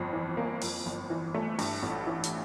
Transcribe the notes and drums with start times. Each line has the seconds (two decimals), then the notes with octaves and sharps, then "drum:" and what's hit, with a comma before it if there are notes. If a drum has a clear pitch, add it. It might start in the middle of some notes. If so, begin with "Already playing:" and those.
Already playing: G1 F2
0.13 E3
0.37 A#3
0.61 F2, drum: open hi-hat
0.86 G1
1.10 E3
1.35 A3
1.59 G2, drum: open hi-hat
1.83 A1
2.07 E3
2.24 drum: hi-hat